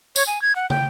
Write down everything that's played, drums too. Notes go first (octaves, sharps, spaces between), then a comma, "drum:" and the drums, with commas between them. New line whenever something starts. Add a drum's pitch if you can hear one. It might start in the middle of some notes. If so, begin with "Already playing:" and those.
C#5, drum: tambourine
G#5
G#6
F#5
G5, drum: tom